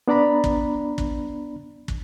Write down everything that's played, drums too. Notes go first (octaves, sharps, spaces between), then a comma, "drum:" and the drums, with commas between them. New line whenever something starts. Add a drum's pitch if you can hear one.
B3 D4 D5 A#5 B5
drum: kick
drum: kick
drum: kick